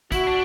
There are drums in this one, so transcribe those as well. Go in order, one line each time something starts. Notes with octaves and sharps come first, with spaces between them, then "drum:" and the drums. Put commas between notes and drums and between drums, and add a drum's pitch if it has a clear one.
E4 F#4, drum: kick, hi-hat
D4